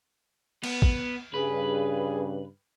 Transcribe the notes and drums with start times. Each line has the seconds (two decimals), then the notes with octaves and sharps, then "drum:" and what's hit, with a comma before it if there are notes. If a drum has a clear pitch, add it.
0.64 B3, drum: cymbal
0.82 drum: kick
1.34 G2 C#3 G#4 B4